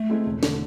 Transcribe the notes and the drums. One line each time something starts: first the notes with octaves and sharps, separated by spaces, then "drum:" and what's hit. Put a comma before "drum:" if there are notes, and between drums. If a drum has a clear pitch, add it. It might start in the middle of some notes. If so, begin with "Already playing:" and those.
Already playing: A3
G#3 C4 E4 A4
E1
D3 A3, drum: snare